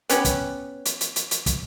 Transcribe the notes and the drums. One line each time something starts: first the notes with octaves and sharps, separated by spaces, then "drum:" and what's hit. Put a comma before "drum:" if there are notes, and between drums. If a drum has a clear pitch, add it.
B3 C#4 G4 B4, drum: hi-hat
drum: kick, hi-hat
drum: hi-hat
drum: hi-hat
drum: hi-hat
drum: hi-hat
drum: kick, hi-hat